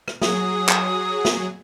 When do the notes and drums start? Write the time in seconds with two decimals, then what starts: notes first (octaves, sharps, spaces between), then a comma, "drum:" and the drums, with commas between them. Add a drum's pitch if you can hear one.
0.08 drum: rim click
0.22 F#3 G#4 D#6, drum: snare
0.69 drum: clap
1.25 drum: snare